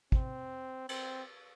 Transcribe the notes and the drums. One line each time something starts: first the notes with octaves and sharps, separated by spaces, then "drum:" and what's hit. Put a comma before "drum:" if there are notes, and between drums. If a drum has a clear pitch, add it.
C4, drum: kick
C4, drum: cymbal